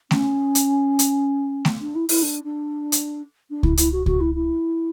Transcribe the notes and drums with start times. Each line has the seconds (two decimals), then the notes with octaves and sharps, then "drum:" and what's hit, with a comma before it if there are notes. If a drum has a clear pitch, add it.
0.11 C#4, drum: snare A3
0.55 drum: hi-hat
0.99 drum: hi-hat
1.65 drum: snare A3
1.80 D4
1.95 E4
2.09 E4, drum: open hi-hat
2.22 D4
2.44 D4
2.92 drum: hi-hat
3.50 D4
3.63 E4, drum: kick C#2
3.77 E4, drum: hi-hat
3.92 F#4
4.06 F#4, drum: kick C#2
4.20 E4
4.34 E4